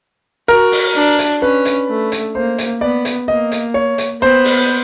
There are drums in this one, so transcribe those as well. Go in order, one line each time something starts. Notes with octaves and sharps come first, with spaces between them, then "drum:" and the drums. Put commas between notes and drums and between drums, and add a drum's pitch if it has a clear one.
F#4 A#4
drum: open hi-hat
D4
drum: hi-hat
C#4 B4
drum: hi-hat
A3
drum: hi-hat
A#3 C5
drum: hi-hat
B3 D5
drum: hi-hat
A#3 D#5
drum: hi-hat
C#5
drum: hi-hat
B3 C5
drum: open hi-hat